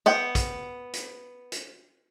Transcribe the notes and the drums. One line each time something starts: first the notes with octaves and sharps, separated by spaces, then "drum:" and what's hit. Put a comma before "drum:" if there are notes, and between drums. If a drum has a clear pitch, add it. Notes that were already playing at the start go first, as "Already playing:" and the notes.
B3 F#5 G5
drum: kick, hi-hat
drum: hi-hat
drum: hi-hat